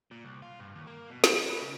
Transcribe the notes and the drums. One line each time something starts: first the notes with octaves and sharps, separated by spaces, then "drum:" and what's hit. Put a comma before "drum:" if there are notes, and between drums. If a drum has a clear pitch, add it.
A#2
C2
F4
G2
D#2
A#3
B2
E3, drum: snare
D#5
B4
C#3